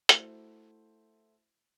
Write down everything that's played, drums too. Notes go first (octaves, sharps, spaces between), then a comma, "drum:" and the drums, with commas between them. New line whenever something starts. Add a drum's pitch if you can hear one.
A3 E4 F#4 C5, drum: hi-hat